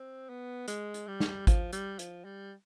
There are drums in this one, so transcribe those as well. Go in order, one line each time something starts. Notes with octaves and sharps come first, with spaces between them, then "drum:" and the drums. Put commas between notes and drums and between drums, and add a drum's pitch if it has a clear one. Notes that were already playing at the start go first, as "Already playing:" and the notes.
Already playing: C4
B3
G#3, drum: hi-hat
drum: hi-hat
G3
drum: snare
F3, drum: kick G#1, hi-hat
G3, drum: hi-hat
F3, drum: hi-hat
G3